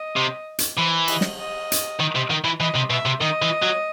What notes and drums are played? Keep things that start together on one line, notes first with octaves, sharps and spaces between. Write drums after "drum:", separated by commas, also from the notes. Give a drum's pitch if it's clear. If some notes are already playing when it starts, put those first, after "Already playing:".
Already playing: D#5
C3
drum: hi-hat
E3 C5
D#5, drum: cymbal
drum: snare
D#5
drum: hi-hat
D#3
C3
D#3
E3
E3 D#5
C3
B2 E5
C3
D#3 D#5
E3
F#3